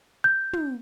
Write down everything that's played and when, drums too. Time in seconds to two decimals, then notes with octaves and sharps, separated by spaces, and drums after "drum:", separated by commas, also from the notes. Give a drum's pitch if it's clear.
0.24 G6
0.53 drum: tom